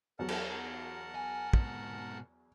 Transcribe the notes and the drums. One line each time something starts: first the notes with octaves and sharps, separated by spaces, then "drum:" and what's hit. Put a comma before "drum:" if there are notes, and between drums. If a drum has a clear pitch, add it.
E2 F#3 A#4 F#5 A5
drum: cymbal
G#5
G#2 B2, drum: kick